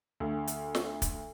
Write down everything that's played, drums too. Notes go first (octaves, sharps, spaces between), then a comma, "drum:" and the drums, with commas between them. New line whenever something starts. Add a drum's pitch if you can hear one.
D2
drum: hi-hat
drum: snare
drum: kick, hi-hat